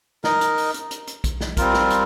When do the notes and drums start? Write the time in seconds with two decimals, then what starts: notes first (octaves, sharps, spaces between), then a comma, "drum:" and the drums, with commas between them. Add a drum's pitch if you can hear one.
0.24 D#4 A#4 D#5, drum: snare
0.41 drum: hi-hat
0.58 drum: open hi-hat
0.74 drum: hi-hat
0.91 drum: hi-hat
1.07 drum: hi-hat
1.24 drum: kick, hi-hat
1.40 drum: snare
1.57 G3 C4 F4 A#4, drum: kick, hi-hat
1.74 drum: snare
1.90 drum: hi-hat